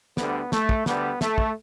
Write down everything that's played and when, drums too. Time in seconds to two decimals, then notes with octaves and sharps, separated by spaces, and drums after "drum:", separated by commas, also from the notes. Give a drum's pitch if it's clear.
0.17 D2 D3 G3 B3, drum: snare
0.52 A3, drum: snare
0.69 drum: kick
0.86 D2 D3 G3 B3, drum: snare
1.21 A3, drum: snare
1.38 drum: kick